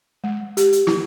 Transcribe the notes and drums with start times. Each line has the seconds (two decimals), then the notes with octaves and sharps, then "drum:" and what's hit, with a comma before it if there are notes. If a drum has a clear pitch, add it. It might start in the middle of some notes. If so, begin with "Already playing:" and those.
0.24 G#3
0.57 G4, drum: hi-hat
0.73 drum: hi-hat
0.87 E4, drum: snare